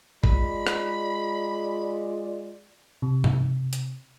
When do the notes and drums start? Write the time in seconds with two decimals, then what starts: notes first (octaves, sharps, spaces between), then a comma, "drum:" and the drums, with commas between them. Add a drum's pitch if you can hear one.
0.24 G#3 F4 D5 B5, drum: kick G#1
0.67 drum: rim click
3.02 C3
3.24 drum: tom G2
3.73 drum: hi-hat